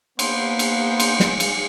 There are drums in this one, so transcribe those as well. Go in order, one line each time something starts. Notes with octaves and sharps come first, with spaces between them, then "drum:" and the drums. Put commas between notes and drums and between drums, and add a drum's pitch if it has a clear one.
A#3 B3 C5, drum: cymbal
drum: cymbal
drum: cymbal
drum: snare
drum: cymbal